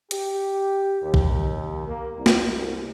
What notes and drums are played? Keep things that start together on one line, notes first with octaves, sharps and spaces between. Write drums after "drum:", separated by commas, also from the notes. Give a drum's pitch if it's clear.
G4, drum: hi-hat
D#2
drum: kick
A#3
C2
drum: snare